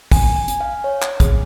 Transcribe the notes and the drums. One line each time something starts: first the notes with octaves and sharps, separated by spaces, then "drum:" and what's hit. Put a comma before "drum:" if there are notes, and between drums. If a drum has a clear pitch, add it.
G#5, drum: kick, open hi-hat
G#5
drum: hi-hat
F5
C#5
drum: clap
G#4, drum: kick, hi-hat